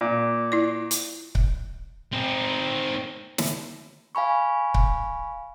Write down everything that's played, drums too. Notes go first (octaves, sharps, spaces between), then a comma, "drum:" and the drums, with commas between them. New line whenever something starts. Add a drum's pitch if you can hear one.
A#2
E4 D5
drum: hi-hat
drum: kick C#1
C4 D#4
drum: snare
F5 G#5 B5 C#6
drum: kick C#1